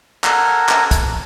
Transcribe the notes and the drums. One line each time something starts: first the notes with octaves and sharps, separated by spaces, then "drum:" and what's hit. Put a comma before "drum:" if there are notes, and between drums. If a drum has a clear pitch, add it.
A4 A#4 F#5 G#5 A#5, drum: clap
drum: clap
drum: kick, hi-hat